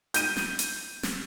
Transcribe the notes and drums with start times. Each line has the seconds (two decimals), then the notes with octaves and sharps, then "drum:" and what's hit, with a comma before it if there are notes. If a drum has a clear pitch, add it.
0.14 G6 D#7, drum: hi-hat
0.37 drum: snare
0.59 drum: hi-hat
1.03 drum: snare